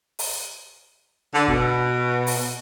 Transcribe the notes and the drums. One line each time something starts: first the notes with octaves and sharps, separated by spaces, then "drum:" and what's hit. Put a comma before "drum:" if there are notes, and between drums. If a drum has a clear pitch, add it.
drum: open hi-hat
D3
B2, drum: kick
drum: open hi-hat